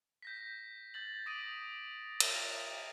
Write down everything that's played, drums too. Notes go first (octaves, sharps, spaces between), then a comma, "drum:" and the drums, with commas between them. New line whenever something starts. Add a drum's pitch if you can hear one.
G6 A#6 B6
G6 A6 F#7
D6 D#6 A#6 B6 D7 D#7
D#7 F7, drum: cymbal